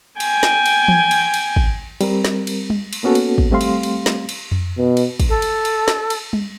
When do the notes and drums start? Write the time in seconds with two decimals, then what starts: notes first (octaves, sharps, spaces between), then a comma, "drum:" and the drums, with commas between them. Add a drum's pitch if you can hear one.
0.20 G5 G#5, drum: cymbal
0.43 drum: snare
0.66 drum: cymbal
0.88 drum: tom E3
1.11 drum: cymbal
1.34 drum: cymbal
1.56 drum: kick
2.01 G3 C4 A#4, drum: cymbal
2.24 drum: snare
2.47 drum: cymbal
2.70 drum: tom G3
2.93 drum: cymbal
3.03 A#3 B3 C#4 F#4 A4
3.15 drum: cymbal
3.38 drum: kick
3.51 G3 A3 C4 G4 F5 C6
3.61 drum: cymbal
3.83 drum: cymbal
4.06 drum: snare
4.29 drum: cymbal
4.51 drum: tom F2
4.78 B2
4.97 drum: cymbal
5.20 drum: kick, cymbal
5.29 A4
5.42 drum: cymbal
5.65 drum: cymbal
5.88 drum: snare
6.10 drum: cymbal
6.33 drum: tom G3